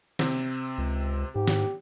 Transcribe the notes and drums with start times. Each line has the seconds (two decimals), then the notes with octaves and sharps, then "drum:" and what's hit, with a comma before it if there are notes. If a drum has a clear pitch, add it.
0.19 C3 C4, drum: snare
0.78 C#2
1.35 G#2 G4
1.47 drum: snare